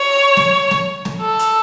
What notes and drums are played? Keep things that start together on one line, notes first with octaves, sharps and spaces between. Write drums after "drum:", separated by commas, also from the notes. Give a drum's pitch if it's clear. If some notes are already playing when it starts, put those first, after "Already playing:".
Already playing: C#5
drum: snare
drum: snare
drum: snare
A4
drum: hi-hat